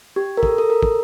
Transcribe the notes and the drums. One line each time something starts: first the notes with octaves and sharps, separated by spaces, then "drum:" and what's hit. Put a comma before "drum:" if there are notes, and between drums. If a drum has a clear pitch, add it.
G4
A#4
A4, drum: kick
A4
A#4
drum: kick